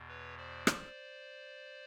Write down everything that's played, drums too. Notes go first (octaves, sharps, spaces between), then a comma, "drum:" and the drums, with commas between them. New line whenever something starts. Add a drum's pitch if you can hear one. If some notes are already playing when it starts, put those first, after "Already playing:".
Already playing: E2 B2
B4 C#5
C5 D5
drum: rim click